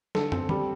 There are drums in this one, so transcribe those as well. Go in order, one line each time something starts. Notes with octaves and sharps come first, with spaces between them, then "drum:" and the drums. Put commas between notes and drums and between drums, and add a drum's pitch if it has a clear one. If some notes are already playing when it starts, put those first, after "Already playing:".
D3 A4, drum: snare
C4, drum: tom
G3, drum: tom